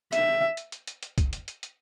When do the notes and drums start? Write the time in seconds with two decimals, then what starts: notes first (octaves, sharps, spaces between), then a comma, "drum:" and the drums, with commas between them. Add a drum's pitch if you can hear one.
0.13 E5, drum: hi-hat
0.57 drum: hi-hat
0.72 drum: hi-hat
0.87 drum: hi-hat
1.03 drum: hi-hat
1.18 drum: kick, hi-hat
1.33 drum: hi-hat
1.48 drum: hi-hat
1.63 drum: hi-hat